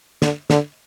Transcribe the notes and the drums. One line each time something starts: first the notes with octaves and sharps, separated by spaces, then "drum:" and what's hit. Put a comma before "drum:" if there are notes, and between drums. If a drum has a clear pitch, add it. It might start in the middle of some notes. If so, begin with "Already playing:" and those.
D3, drum: snare
D3, drum: snare